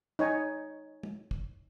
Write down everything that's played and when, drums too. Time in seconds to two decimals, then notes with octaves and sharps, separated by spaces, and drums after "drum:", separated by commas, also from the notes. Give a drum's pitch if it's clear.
0.19 D#4 C#5 G#5
1.03 drum: tom
1.31 drum: kick